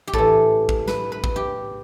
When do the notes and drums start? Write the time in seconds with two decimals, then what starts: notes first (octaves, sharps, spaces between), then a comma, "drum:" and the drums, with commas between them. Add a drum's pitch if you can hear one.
0.07 G4
0.14 A2 E3 A4, drum: kick
0.69 drum: kick
0.88 B4, drum: snare
1.12 B4
1.24 drum: kick
1.36 G4